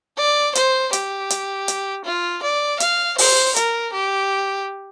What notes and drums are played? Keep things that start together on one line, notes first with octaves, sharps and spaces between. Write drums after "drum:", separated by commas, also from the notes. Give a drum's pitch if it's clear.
D5
C5, drum: hi-hat
G4, drum: hi-hat
drum: hi-hat
drum: hi-hat
F4
D5
F5, drum: hi-hat
C5, drum: open hi-hat
A#4, drum: hi-hat
G4